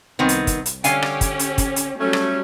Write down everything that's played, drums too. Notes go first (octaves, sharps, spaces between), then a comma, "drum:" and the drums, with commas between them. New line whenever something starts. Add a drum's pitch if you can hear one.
C2 D#3 B3 C4
drum: hi-hat
drum: kick, hi-hat
drum: hi-hat
D3 C#4 G4 F5 G#5, drum: hi-hat
drum: rim click
drum: kick, hi-hat
drum: hi-hat
drum: kick, hi-hat
drum: hi-hat
F#3 G3 A3 C#4
drum: rim click